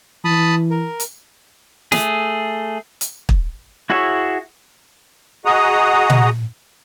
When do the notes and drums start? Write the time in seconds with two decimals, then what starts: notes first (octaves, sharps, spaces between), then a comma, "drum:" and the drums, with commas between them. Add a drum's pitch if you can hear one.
0.25 E3 A5 B5 D#6
0.71 A#4
1.00 drum: hi-hat
1.92 A3 G#4, drum: snare
3.01 drum: hi-hat
3.29 drum: kick
3.90 E4 F#4 G#4 C#5 E5
5.45 F#4 G#4 D#5 F#5 A#5 D#6
6.10 drum: tom A#2